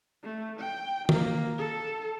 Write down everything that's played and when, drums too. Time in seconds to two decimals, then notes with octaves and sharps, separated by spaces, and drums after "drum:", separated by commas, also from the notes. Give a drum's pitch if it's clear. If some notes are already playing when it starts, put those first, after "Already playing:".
0.23 A3
0.59 G5
1.09 A#3, drum: tom
1.58 A4